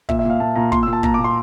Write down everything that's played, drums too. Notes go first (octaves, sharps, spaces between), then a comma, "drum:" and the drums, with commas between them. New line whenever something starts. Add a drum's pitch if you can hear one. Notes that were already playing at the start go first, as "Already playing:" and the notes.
A#2 E5, drum: kick
E5
A#2 F5
A#2 A5
A#2 A#5
A#2 C6, drum: kick
E6
A#2
A5
A#2 A#5, drum: kick
D6
A#2
C6